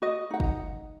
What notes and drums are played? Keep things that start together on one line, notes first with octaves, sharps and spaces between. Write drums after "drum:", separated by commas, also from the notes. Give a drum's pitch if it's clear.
F#4 D#5
D#4 F#5
drum: kick